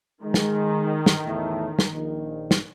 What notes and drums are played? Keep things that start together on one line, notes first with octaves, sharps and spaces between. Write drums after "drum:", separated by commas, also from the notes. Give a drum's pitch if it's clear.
D#3 G#3
drum: snare
drum: snare
E2 A2 A3
drum: snare
A#1 D#3
drum: snare